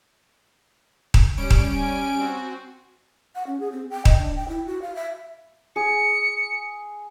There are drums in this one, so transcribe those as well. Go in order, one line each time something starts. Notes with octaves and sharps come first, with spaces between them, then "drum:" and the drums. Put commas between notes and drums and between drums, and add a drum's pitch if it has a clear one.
drum: kick D#1
G3 C#4 D7
drum: kick D#1
G#5
C4 F#4
F#5
C#4
G#4
C4
G5
D#5, drum: kick D#1
D4
G5
E4
F#4
F5
E5
G#4 C#7